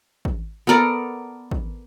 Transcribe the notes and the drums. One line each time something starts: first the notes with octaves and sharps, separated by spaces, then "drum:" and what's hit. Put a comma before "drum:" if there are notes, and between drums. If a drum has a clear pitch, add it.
drum: kick
B3 A4 A#4 D5
drum: kick